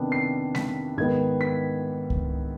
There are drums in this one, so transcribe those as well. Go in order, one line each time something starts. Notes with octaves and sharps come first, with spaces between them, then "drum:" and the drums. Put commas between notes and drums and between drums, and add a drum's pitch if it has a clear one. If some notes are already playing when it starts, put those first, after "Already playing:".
Already playing: C3 D#3 B3 D4
C7
B6, drum: snare G#3
G#2 D#3 B3 G#6
B6
drum: kick C#2